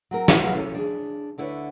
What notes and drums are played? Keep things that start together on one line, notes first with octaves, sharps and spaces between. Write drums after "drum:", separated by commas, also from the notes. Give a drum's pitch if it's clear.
F#3 C4 A#4
drum: snare
D2 E4 F#4 B4 F5
C#4 A4
D4 G#4
D2 D3 E4 B4 C#5